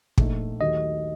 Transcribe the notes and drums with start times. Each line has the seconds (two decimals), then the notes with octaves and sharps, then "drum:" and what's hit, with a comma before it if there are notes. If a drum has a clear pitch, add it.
0.18 A#1 A#2 A3 D#4, drum: kick
0.61 D#2 D#3 F#3 A3 D#5